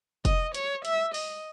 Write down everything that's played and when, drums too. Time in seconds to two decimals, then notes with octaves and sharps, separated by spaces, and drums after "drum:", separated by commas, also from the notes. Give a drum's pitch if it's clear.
0.25 D#5, drum: kick F1, hi-hat
0.54 C#5, drum: hi-hat
0.85 E5, drum: hi-hat
1.14 D#5, drum: open hi-hat